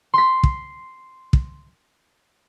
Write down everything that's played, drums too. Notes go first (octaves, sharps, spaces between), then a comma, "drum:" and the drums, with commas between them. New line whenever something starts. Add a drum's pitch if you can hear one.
C6 B6
drum: kick
drum: kick